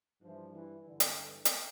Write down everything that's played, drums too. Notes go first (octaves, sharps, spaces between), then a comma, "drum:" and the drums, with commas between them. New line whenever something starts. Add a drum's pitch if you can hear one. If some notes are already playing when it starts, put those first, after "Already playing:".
G2 E3 F3
E3
G2 D3 E3
drum: hi-hat
drum: hi-hat